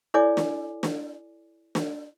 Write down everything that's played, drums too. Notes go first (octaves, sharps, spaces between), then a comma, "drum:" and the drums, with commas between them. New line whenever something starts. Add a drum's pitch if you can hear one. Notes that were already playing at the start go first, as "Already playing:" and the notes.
E4 A4 C#5 D5 G#5 D6
drum: snare
drum: snare
drum: snare